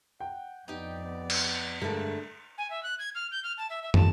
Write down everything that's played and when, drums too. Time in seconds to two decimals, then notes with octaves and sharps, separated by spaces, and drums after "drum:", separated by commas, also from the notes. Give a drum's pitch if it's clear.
0.20 F#5 G5
0.68 F2 B3 D#4 G4 D5
1.04 B3
1.30 drum: cymbal
1.81 G2 D3 G#3 A3 A#4
2.58 G#5
2.70 E5
2.83 F#6
2.99 G#6
3.15 F6
3.31 G6
3.43 F6
3.57 A5
3.70 E5
3.82 E5
3.94 A5, drum: tom